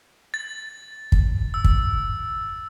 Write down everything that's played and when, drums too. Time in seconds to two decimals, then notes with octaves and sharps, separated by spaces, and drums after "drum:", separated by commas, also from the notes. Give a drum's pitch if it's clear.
0.34 A6
1.12 drum: kick
1.54 E6
1.64 drum: kick